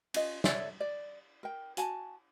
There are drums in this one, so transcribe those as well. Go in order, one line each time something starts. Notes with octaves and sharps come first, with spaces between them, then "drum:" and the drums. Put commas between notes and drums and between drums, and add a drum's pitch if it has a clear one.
C#4 F4 D#5, drum: cymbal
A4 C#5 D5 E5, drum: snare
D5
A#4 G5
F#4 G#5 A5, drum: hi-hat